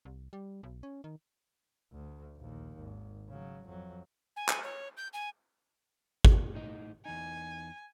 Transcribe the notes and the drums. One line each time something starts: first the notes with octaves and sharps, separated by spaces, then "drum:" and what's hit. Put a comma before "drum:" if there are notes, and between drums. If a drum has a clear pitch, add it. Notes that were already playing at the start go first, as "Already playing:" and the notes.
C2
G3
B1
C#4
D#3
D2
A#1 D#2
G#1
C#3 F#3
F2 F#3
G#5
drum: clap
C#5
G6
G#5
drum: kick G#1
A2 D#4 D#5
E2 D#4 G#5